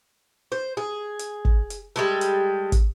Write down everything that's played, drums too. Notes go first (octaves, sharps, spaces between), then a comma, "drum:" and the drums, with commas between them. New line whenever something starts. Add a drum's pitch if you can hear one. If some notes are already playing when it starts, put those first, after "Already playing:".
C5
G#4
drum: hi-hat
drum: kick
drum: hi-hat
G3 G#3 A4
drum: hi-hat
drum: kick, hi-hat